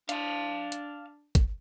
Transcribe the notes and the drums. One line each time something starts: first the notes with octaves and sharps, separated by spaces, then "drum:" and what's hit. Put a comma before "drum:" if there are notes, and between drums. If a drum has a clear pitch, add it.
D4 F5 A5, drum: hi-hat
drum: hi-hat
drum: kick, hi-hat